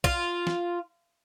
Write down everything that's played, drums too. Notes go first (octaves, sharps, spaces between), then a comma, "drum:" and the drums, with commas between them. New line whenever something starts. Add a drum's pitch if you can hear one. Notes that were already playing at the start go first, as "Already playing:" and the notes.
F4, drum: kick B1
drum: snare